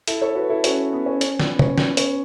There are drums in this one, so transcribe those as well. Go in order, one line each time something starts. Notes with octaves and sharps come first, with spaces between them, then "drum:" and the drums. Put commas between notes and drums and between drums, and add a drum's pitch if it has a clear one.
E4 A4, drum: hi-hat
A4 C#5
F#4 B4
E4 A4
C#4 F#4, drum: hi-hat
B3
C#4
C#4, drum: hi-hat
B3, drum: snare
C#4, drum: tom
B3, drum: snare
C#4, drum: hi-hat